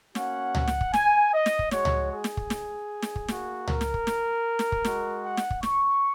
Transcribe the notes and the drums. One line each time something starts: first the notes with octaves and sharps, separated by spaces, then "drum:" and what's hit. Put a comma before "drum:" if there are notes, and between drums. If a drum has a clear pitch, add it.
A#3 C#4 F#4 F#5, drum: snare
drum: tom C#2
drum: snare
drum: kick
G#5, drum: snare
D#5
drum: snare
drum: kick
G#3 F#4 C#5, drum: snare
drum: tom C#2
G#4
drum: snare
drum: kick
drum: snare
drum: snare
drum: kick
A#3 F#4, drum: snare
A#4, drum: tom C#2
drum: snare
drum: kick
drum: snare
drum: snare
drum: kick
G#3 F#4, drum: snare
F#5
drum: snare
drum: kick
C#6, drum: snare